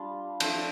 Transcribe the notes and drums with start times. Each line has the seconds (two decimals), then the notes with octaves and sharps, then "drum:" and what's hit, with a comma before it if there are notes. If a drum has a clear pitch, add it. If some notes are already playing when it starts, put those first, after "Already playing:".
Already playing: G3 D4 F4 F5
0.40 F3 A3 E4 G5, drum: cymbal